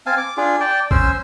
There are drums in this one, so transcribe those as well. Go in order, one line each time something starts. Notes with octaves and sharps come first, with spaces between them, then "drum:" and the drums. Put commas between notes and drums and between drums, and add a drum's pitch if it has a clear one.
C4 F5 G#5 A5
D6
D4 F4 G#4
D5 G5 A5
C#4 C5 C6 E6, drum: kick